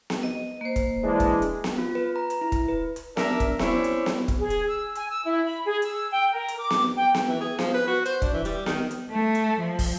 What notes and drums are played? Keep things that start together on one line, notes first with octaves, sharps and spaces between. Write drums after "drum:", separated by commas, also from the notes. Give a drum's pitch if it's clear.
drum: snare B3
D#5
A#3 C5
drum: kick, hi-hat
E3 G#3 D4
drum: kick, hi-hat
drum: hi-hat
drum: snare B3
F4
B4
A#5
drum: hi-hat
E4
drum: kick, hi-hat
B4
drum: hi-hat
D4 A#4 E5, drum: snare B3
drum: kick, hi-hat
C4 C#4 E4 C#5 D5 E5, drum: snare B3
drum: hi-hat
drum: snare B3
drum: kick, hi-hat
G#4
drum: hi-hat
E6
G#5, drum: hi-hat
E6
E4
B5
G#4
E6, drum: hi-hat
G5
A#4
drum: hi-hat
D6
drum: snare B3
G5
drum: snare B3
E3
G#4
F3, drum: snare B3
B4
F#4
C5, drum: hi-hat
D4, drum: kick, hi-hat
E3
G3, drum: hi-hat
D#3, drum: snare B3
drum: hi-hat
A3
drum: hi-hat
F3
drum: kick, open hi-hat